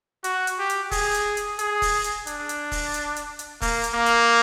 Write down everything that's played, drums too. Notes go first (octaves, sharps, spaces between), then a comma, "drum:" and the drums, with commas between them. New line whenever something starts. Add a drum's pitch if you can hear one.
F#4, drum: hi-hat
drum: hi-hat
G4
drum: hi-hat
G#4, drum: kick E1, open hi-hat
drum: hi-hat
drum: hi-hat
G#4, drum: hi-hat
drum: kick E1, open hi-hat
drum: hi-hat
D4, drum: hi-hat
drum: hi-hat
drum: kick E1, open hi-hat
drum: hi-hat
drum: hi-hat
drum: hi-hat
A#3, drum: kick E1, open hi-hat
drum: hi-hat
A#3
drum: hi-hat